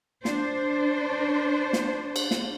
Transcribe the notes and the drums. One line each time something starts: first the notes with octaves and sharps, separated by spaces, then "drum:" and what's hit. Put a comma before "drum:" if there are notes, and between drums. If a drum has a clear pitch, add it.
D4 C5, drum: snare
drum: snare
drum: cymbal
drum: snare